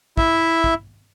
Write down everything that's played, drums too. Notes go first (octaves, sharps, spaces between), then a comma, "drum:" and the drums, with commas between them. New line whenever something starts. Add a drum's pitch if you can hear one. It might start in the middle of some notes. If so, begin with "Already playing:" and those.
E4 E5, drum: kick
drum: kick